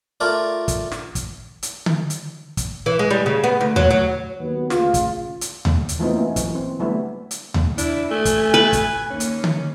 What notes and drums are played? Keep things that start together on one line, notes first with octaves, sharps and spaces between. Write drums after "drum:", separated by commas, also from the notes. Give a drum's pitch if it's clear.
A3 F4 A#4 D5
drum: kick, hi-hat
drum: snare
drum: kick, hi-hat
drum: hi-hat
drum: tom D3
drum: hi-hat
drum: kick, hi-hat
E3
G#3
G3
C#3
B3
D2
F#3, drum: tom D#2
F#3
D#2 F#3 B3
D2 C#3 F4, drum: snare
drum: kick, hi-hat
drum: hi-hat
drum: tom D#2
drum: hi-hat
E3 F3 A3 B3 C4 D#4
A#3 C#4 E4
E3 F#3, drum: kick, hi-hat
C4
D3 F#3 G3 A3 B3 E4
drum: hi-hat
drum: tom D#2
D4 E4, drum: hi-hat
A3 G#5
drum: kick, hi-hat
B4
drum: kick, hi-hat
D#2 C#4
drum: hi-hat
drum: tom D3